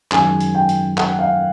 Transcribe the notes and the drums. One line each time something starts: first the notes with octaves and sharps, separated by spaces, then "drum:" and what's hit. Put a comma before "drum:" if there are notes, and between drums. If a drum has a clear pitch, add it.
F#2 D#3 G#3 G#5, drum: clap
drum: hi-hat
G5
drum: hi-hat
F#5, drum: clap
F5